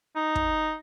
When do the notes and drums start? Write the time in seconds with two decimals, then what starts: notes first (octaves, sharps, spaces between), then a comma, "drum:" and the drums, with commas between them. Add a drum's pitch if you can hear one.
0.16 D#4
0.35 drum: kick